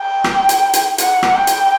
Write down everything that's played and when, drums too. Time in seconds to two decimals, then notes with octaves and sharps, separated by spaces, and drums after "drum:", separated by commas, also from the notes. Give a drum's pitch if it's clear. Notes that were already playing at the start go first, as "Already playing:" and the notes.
Already playing: G5
0.24 drum: rim click
0.49 drum: hi-hat
0.73 drum: hi-hat
0.98 F#5, drum: hi-hat
1.23 drum: rim click
1.35 G5
1.47 drum: hi-hat